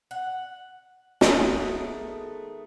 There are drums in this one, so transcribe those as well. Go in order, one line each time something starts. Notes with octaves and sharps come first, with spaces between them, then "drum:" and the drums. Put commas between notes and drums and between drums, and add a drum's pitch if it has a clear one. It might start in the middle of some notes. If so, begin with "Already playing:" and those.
F#5
D#3 G#3 A3 B3, drum: snare